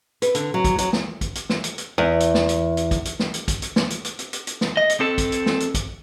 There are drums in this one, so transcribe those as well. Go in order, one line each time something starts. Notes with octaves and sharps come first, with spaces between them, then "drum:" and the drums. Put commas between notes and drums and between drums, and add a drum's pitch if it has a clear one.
B4, drum: hi-hat
D3, drum: hi-hat
F#3
drum: kick A#1, hi-hat
F#3, drum: hi-hat
drum: snare
drum: kick A#1, hi-hat
drum: hi-hat
drum: snare
drum: hi-hat
drum: hi-hat
E2
drum: hi-hat
drum: snare
drum: hi-hat
drum: hi-hat
drum: kick A#1, hi-hat
drum: hi-hat
drum: snare
drum: hi-hat
drum: kick A#1, hi-hat
drum: hi-hat
drum: snare
drum: hi-hat
drum: hi-hat
drum: hi-hat
drum: hi-hat
drum: hi-hat
drum: snare
D#5
drum: hi-hat
C4 A4
drum: kick A#1, hi-hat
drum: hi-hat
drum: snare
drum: hi-hat
drum: kick A#1, hi-hat